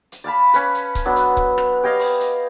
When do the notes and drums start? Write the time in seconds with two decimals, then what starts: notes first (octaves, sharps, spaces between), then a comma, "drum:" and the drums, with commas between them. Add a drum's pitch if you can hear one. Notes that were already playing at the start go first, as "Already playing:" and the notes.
0.12 drum: hi-hat
0.24 D5 F5 A5 B5
0.54 C#4 B4, drum: hi-hat
0.74 drum: hi-hat
0.95 drum: kick C#1, hi-hat
1.05 F#3 B3 D4
1.16 drum: hi-hat
1.37 drum: kick C#1
1.58 drum: rim click
1.83 G4 C#5 D#5 F5
1.99 drum: open hi-hat
2.20 drum: hi-hat